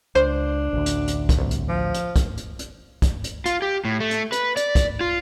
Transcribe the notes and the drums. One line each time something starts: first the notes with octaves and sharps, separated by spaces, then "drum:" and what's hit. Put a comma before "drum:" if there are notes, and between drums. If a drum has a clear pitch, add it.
C#2 D4 C5
A1 D2
drum: hi-hat
drum: hi-hat
drum: kick, hi-hat
C2
drum: hi-hat
F3
drum: hi-hat
drum: kick, hi-hat
drum: hi-hat
drum: hi-hat
drum: kick, hi-hat
drum: hi-hat
F4, drum: hi-hat
G4
A2
A3
drum: hi-hat
B4, drum: hi-hat
D5, drum: hi-hat
drum: kick, hi-hat
F4